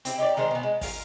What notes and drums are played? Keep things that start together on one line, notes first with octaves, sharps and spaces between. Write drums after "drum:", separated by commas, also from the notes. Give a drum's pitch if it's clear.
C4 E4 G4, drum: hi-hat
D#4 G4 C#5 D5
D#3 G#3 A#4 C5
B2 B3
G#3
F4 G#4 A#4 F5, drum: kick, open hi-hat